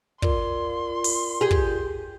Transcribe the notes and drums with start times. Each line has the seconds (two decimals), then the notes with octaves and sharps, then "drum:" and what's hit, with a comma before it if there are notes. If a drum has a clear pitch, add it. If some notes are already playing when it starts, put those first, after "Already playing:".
0.22 F4 A#4 D5 C6, drum: kick
1.04 drum: open hi-hat
1.41 G4 G#4
1.51 drum: kick